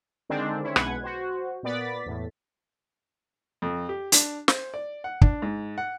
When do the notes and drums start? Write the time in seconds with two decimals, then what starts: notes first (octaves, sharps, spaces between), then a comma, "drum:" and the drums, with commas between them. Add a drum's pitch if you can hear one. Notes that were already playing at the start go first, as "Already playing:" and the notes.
0.29 D3 D#3 G#3 C4 D4
0.63 C4 C#4 E4
0.76 B1 B2 G#3 B4 F#5 G#6, drum: rim click
1.03 F#4 C5
1.63 A#2 B3 D5 A6 B6
2.06 E2 A2
3.62 F2
3.89 G4
4.12 D4, drum: hi-hat
4.48 C5, drum: snare
4.74 D5
5.04 F#5
5.21 D4, drum: kick
5.42 G#2
5.78 F#5